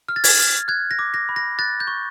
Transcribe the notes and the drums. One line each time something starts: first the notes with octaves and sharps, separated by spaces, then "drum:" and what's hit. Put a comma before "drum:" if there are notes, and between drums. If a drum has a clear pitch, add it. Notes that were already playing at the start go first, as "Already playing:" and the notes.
F6
A6
G#6, drum: open hi-hat
F6
F#6 G#6
A#6
D6
A#6
B5
A#6
F#6 A6
G6
C#6